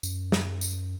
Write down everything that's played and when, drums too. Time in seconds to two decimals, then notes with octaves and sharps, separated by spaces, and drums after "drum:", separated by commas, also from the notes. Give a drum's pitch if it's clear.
0.03 F#2, drum: tambourine
0.32 drum: snare
0.61 drum: tambourine